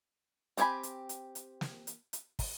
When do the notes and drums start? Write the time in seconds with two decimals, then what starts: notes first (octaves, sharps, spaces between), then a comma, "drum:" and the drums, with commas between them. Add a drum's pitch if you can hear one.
0.57 C4 G4 C5 G#5 B5, drum: hi-hat
0.83 drum: hi-hat
1.09 drum: hi-hat
1.35 drum: hi-hat
1.61 drum: snare
1.87 drum: hi-hat
2.13 drum: hi-hat
2.39 drum: kick, open hi-hat